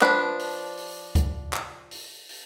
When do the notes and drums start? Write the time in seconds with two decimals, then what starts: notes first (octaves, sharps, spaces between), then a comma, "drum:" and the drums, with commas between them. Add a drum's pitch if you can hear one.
0.01 F3 D4 B4, drum: clap
0.39 drum: open hi-hat
0.77 drum: open hi-hat
1.15 drum: kick C#2, hi-hat
1.53 drum: clap
1.91 drum: open hi-hat
2.29 drum: open hi-hat